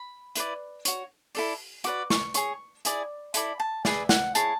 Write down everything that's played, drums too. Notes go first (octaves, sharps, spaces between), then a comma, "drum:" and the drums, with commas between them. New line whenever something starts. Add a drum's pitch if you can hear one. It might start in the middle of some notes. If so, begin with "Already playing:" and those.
Already playing: B5
E4 B4 D5, drum: hi-hat
F#4 C#5, drum: hi-hat
E4 A4 D5, drum: open hi-hat
F#4 B4 D5 D6, drum: hi-hat
C#6, drum: snare
G#4 C#5 C#6, drum: hi-hat
E4 G#4 D5, drum: hi-hat
E4 A4 D5 B5, drum: hi-hat
A5
G#4 B4 D5 E5, drum: snare
F#5, drum: snare
E4 G#4 C#5 A5, drum: hi-hat